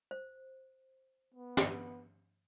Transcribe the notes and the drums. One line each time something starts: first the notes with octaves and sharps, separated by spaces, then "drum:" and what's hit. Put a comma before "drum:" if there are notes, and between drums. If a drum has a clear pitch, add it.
C5
B3
drum: snare